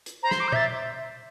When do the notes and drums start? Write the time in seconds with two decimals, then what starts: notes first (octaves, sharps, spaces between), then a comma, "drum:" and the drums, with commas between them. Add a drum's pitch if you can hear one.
0.06 drum: hi-hat
0.23 C5 A#5
0.31 C6, drum: snare
0.40 D6
0.48 G6
0.52 E5 A6, drum: tom A#2